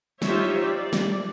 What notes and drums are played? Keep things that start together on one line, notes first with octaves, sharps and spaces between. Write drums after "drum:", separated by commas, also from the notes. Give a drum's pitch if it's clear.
D#4 F4 G4 C5 C#5 E5, drum: snare
D5
drum: snare